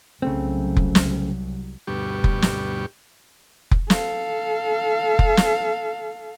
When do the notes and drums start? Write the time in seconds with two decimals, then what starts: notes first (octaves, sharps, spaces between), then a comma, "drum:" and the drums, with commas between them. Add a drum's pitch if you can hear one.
0.22 C2 C#3 F#3 A3 C4
0.77 drum: kick F1
0.95 drum: snare
1.87 D2 G2 B2 G3 G4 C#6
2.24 drum: kick F1
2.42 drum: snare
3.71 drum: kick F1
3.90 A4 F5, drum: snare
5.19 drum: kick F1
5.37 drum: snare